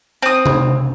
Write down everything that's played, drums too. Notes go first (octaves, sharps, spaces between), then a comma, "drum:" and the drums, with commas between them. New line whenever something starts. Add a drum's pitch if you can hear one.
C4 D#6
drum: tom C3